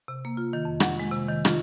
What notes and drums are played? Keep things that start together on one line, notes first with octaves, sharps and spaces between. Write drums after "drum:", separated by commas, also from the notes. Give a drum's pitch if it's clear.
C3
A#3
F4
D#3
F2
F#5, drum: rim click
G#3
C3
D#3
F4, drum: rim click